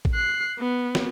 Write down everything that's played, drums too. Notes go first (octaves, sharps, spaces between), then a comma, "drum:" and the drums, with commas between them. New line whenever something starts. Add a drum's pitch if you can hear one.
drum: kick A1
F#6 C7
B3
drum: snare